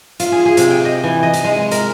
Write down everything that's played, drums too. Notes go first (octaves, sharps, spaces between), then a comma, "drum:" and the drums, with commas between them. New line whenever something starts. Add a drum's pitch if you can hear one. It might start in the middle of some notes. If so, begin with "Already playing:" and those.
F4, drum: hi-hat
G#4
G#4
C3, drum: hi-hat
G5
D#5
E3
D#5
drum: hi-hat
G#3
A#4, drum: hi-hat